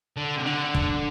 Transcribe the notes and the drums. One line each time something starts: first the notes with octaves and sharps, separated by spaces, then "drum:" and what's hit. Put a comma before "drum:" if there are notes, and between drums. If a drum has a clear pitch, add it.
D3
C3
D3
drum: kick